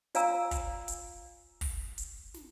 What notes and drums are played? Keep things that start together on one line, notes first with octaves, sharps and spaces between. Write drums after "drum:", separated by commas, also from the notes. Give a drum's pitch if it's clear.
F4 D5 F5 G#5 A#5 E6, drum: hi-hat
drum: kick, hi-hat
drum: hi-hat
drum: kick, open hi-hat
drum: hi-hat
drum: snare